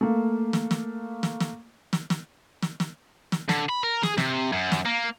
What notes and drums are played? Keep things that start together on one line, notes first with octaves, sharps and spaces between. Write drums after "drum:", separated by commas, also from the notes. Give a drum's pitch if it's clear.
A3 A#3
drum: snare
drum: snare
drum: snare
drum: snare
drum: snare
drum: snare
drum: snare
drum: snare
drum: snare
D3, drum: snare
B5
A#4
G#4, drum: snare
C3, drum: snare
F#2
drum: snare
A#3